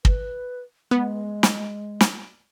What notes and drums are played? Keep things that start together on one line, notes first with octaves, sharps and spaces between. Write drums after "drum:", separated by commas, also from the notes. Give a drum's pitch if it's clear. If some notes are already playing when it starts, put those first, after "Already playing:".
B4, drum: kick
G#3 B3
drum: snare
drum: snare